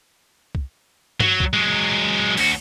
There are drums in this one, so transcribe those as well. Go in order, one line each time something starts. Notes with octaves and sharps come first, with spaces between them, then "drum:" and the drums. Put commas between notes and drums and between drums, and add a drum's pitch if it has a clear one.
drum: kick
F#3, drum: tom G2
drum: kick
F#3 G#3
D2 F#4, drum: open hi-hat